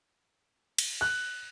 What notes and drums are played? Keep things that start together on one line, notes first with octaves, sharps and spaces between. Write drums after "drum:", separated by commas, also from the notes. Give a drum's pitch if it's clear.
drum: cymbal
F#6